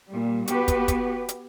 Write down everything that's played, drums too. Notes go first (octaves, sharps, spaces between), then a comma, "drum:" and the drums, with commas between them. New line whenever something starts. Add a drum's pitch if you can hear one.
A#2 G3
B3 F#4 G4 B4, drum: hi-hat
drum: kick, hi-hat
drum: kick, hi-hat
drum: hi-hat